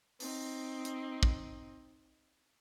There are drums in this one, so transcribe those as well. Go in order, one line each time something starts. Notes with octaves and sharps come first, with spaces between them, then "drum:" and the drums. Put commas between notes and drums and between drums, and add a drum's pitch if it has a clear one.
C4 D#4, drum: open hi-hat
drum: hi-hat
drum: kick